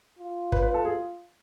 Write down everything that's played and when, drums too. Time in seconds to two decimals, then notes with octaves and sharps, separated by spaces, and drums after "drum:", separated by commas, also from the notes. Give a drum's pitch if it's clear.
0.19 F4
0.52 B4, drum: kick
0.62 B4
0.74 A4
0.85 G#4